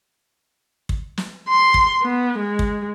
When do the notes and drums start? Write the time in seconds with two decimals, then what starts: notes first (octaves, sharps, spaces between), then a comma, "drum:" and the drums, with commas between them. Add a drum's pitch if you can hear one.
0.89 drum: kick
1.17 drum: snare
1.49 C6
1.74 drum: kick
2.02 B3
2.39 G#3
2.59 drum: kick